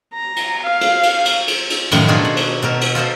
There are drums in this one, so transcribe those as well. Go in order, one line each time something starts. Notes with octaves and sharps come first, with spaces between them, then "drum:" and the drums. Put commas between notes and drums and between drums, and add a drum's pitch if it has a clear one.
A#5
drum: cymbal
F5
drum: cymbal
drum: cymbal
drum: cymbal
drum: cymbal
drum: cymbal
F#2 A2 D#3 F3 F#5, drum: cymbal
B2 D4 D#4 F4 F#4 G#4
F#5
drum: cymbal
B2 A4 A#4
drum: cymbal
F4 A4 C5 D#5